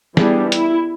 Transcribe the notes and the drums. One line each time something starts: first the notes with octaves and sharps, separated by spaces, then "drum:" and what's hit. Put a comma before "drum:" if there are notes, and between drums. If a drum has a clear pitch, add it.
E3 G3 B3 D4 G#4, drum: snare
E4, drum: hi-hat